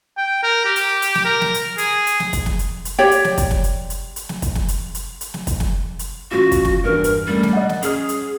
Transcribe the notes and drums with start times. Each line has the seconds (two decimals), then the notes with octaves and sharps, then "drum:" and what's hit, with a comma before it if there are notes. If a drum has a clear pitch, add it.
0.17 G5
0.43 A#4
0.65 G4
0.76 drum: hi-hat
1.02 drum: hi-hat
1.15 drum: snare
1.25 A#4
1.41 drum: snare
1.54 drum: hi-hat
1.78 G#4, drum: hi-hat
2.07 drum: hi-hat
2.20 drum: snare
2.33 drum: kick, hi-hat
2.46 drum: snare
2.59 drum: hi-hat
2.85 drum: hi-hat
2.99 G4 C#5 D5 G5
3.11 drum: hi-hat
3.24 drum: snare
3.38 drum: kick, hi-hat
3.51 drum: snare
3.64 drum: hi-hat
3.90 drum: hi-hat
4.16 drum: hi-hat
4.29 drum: snare
4.42 drum: kick, hi-hat
4.55 drum: snare
4.68 drum: hi-hat
4.95 drum: hi-hat
5.21 drum: hi-hat
5.34 drum: snare
5.47 drum: kick, hi-hat
5.60 drum: snare
5.99 drum: hi-hat
6.31 A1 F4 F#4
6.52 drum: kick, hi-hat
6.65 drum: snare
6.84 E2 G2 A#4
7.04 drum: hi-hat
7.27 G3 A3 A#3 C#4
7.43 drum: snare
7.53 D#5 F#5
7.69 drum: snare
7.82 C#4 G#4 F6, drum: hi-hat
8.09 drum: hi-hat